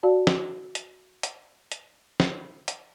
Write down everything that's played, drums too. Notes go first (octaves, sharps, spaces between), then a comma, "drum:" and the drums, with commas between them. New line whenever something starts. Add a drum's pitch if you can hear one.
F#4 D5 F5 A5
drum: snare
drum: hi-hat
drum: hi-hat
drum: hi-hat
drum: snare
drum: hi-hat